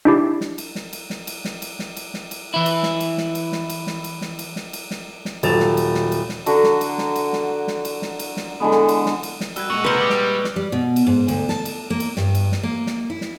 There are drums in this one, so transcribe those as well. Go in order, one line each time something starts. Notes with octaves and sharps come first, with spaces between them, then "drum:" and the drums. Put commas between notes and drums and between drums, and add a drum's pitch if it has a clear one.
D4 E4 G4
drum: snare
drum: cymbal
drum: snare
drum: cymbal
drum: snare
drum: cymbal
drum: snare
drum: cymbal
drum: snare
drum: cymbal
drum: snare
drum: cymbal
E3 E4
drum: cymbal
drum: snare
drum: cymbal
drum: snare
drum: cymbal
drum: snare
drum: cymbal
drum: snare
drum: cymbal
drum: snare
drum: cymbal
drum: snare
drum: cymbal
drum: snare
drum: snare
D#1 F#3 A4 A6 E7 F7, drum: cymbal
drum: snare
drum: cymbal
drum: snare
drum: cymbal
drum: snare
D3 D4 F#4 A#5, drum: cymbal
drum: snare
drum: cymbal
drum: snare
drum: cymbal
drum: snare
drum: snare
drum: cymbal
drum: snare
drum: cymbal
drum: snare
D3 E3 G#3 B3
drum: snare
drum: cymbal
drum: snare
drum: cymbal
drum: snare
G3 F#4 E6 F#6 G#6, drum: cymbal
A#2 G#3 F#4 C#6 D#7 F7
C3 B4 F#5 F6 G6 A#6
G3 D6 D#6 G#6
drum: snare
drum: snare
G3
B2
drum: cymbal
G#2
D2, drum: cymbal
A5, drum: snare
drum: cymbal
A#3
drum: cymbal
G2, drum: snare
drum: cymbal
drum: snare
A#3
drum: snare
E4
drum: snare